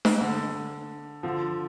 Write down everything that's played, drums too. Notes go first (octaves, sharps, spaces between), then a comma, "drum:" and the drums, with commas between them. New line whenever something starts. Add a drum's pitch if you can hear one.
drum: snare
D3
D3 F3